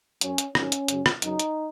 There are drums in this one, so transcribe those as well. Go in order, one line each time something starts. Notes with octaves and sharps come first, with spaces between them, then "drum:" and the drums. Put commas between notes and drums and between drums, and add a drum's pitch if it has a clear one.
F#2 F#3 C#4, drum: hi-hat
drum: hi-hat
G#2 D#3 F#3 C#4, drum: rim click
drum: hi-hat
F#2 C#3 F#3, drum: hi-hat
drum: rim click
F#2 C#3 F#3 D#4, drum: hi-hat
drum: hi-hat